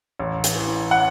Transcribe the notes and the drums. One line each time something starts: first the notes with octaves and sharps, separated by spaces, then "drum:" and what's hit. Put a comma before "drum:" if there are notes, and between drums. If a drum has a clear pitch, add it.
A1
drum: hi-hat
E3
F#5